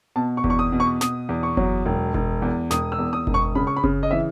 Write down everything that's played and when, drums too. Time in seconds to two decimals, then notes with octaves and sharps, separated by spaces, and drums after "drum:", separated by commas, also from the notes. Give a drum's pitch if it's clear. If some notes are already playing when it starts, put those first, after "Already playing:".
0.16 B2 A5
0.37 C#6
0.44 E2, drum: kick F#1
0.50 C#6
0.59 D#6
0.72 B2
0.80 C#6
1.01 B2 D#6, drum: snare
1.29 E2
1.43 C#6
1.57 F#3, drum: kick F#1
1.86 E1
2.14 E1, drum: kick F#1
2.42 E2
2.71 E1 D#6, drum: snare
2.92 E6
2.99 E2
3.13 D#6
3.27 E1, drum: kick F#1
3.34 C#6
3.55 C#3 B5
3.67 C#6
3.77 B5
3.84 C#3, drum: kick F#1
4.03 D#5
4.11 E3 E5